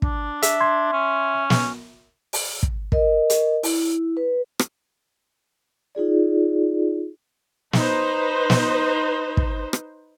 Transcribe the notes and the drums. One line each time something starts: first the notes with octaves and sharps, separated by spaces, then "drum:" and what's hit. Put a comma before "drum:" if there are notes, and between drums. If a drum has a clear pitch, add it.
D4, drum: kick
E5, drum: hi-hat
C6 G#6
C#4
drum: snare
drum: open hi-hat
drum: kick
A#4 D#5, drum: kick
drum: hi-hat
E4, drum: open hi-hat
B4
drum: rim click
D#4 F4 G#4 D5
D#4 B4 C5, drum: snare
drum: snare
drum: kick
drum: rim click